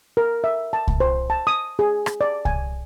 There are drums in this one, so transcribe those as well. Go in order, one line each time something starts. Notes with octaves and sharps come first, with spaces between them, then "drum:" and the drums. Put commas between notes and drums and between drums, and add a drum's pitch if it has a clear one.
A#4
E5
A5
drum: kick C2
C5
A5
D#6
G#4
drum: rim click
D5
G#5, drum: kick C2